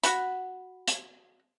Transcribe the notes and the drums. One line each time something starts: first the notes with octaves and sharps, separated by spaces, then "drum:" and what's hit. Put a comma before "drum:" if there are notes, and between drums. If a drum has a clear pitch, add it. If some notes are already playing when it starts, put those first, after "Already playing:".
F#4 F#5 B5, drum: hi-hat
drum: hi-hat